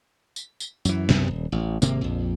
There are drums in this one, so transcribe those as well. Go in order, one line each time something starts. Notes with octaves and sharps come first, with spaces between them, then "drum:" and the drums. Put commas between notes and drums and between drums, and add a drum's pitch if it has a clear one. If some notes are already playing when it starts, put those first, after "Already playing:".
drum: tambourine
drum: tambourine
F#2 E3, drum: tambourine
C2 F#2 C3 B3, drum: snare
D#1
A1
G#1 C3 A#3, drum: tambourine
A#1 F2